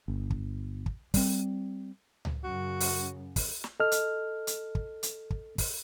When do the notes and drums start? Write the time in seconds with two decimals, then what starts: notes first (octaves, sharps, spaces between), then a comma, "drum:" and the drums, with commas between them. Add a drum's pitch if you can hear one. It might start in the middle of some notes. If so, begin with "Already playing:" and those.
0.08 G1
0.30 drum: kick
0.86 drum: kick
1.14 G3 C4, drum: kick, open hi-hat
2.25 drum: tom C#2
2.44 F#2 C#3 F#4
2.80 drum: open hi-hat
3.36 drum: kick, open hi-hat
3.64 drum: snare
3.80 A4 D#5 F6
3.92 drum: hi-hat
4.47 drum: hi-hat
4.75 drum: kick
5.03 drum: hi-hat
5.30 drum: kick
5.58 drum: kick, open hi-hat